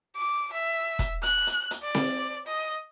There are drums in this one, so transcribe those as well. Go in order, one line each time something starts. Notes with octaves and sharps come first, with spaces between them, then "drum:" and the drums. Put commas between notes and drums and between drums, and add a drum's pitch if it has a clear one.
D6
E5
drum: kick E1, hi-hat
F#6, drum: hi-hat
drum: hi-hat
drum: hi-hat
D5
drum: snare C4
D#5